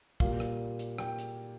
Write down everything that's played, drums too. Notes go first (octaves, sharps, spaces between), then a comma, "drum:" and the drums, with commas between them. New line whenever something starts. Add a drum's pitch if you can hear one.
A#2 G3 F5, drum: kick
drum: rim click
drum: hi-hat
G5, drum: rim click
drum: hi-hat